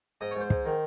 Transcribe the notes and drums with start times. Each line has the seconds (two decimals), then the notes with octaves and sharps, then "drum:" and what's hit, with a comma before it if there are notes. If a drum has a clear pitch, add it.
0.21 G#2 D#5
0.31 G#2 C#5
0.41 C5
0.50 G#2, drum: kick
0.65 D#3